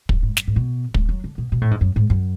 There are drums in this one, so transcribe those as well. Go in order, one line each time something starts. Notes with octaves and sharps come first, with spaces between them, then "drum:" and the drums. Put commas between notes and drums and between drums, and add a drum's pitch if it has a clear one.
F#2, drum: kick
G#2
F#2, drum: snare
G#2
B2
A3, drum: kick
F#3
D3
B2
B2
A2
G#2
F#2
G#2
F#2